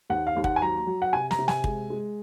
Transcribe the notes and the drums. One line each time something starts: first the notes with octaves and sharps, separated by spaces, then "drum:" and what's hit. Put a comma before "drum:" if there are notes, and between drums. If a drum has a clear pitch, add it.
D#2 F#5
F5
D#2
F#5, drum: kick
G#5
F#3 A#5
F#3
F#5
C3 G#5
A#5, drum: snare
C3
G#5, drum: snare
G#3, drum: kick
G#3